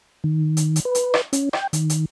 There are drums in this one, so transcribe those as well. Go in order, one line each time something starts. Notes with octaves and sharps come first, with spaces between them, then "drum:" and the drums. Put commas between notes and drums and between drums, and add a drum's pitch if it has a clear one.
D#3
drum: hi-hat
drum: hi-hat
B4
drum: hi-hat
drum: rim click
C#4, drum: hi-hat
G5, drum: rim click
D#3, drum: hi-hat
drum: hi-hat